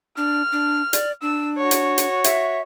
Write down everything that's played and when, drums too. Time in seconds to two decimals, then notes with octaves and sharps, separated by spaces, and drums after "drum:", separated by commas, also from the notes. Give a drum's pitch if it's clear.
0.17 D4 F6
0.52 D4
0.93 D5, drum: hi-hat
1.22 D4 E6
1.57 F#4 C#5
1.71 drum: hi-hat
1.98 drum: hi-hat
2.24 E5, drum: hi-hat